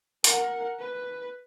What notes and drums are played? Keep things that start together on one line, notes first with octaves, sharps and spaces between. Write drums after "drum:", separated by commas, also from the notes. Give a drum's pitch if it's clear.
A#4 F#5, drum: hi-hat
B4